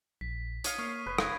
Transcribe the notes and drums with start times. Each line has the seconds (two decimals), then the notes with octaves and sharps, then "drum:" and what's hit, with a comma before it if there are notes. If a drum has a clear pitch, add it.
0.21 A#1 B6
0.64 C#5 F5 D#6 D#7, drum: hi-hat
0.78 A#3 C#6 F6 C7
1.06 F1 B4
1.18 F5 G#6 A#6 D7, drum: rim click